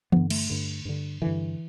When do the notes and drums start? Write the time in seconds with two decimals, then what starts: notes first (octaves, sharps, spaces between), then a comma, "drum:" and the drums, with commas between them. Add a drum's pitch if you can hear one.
0.12 G2 D3 B3, drum: tom E3
0.30 A3, drum: cymbal
0.50 G2 D3
0.85 G2 D3
1.22 G2 D3 E3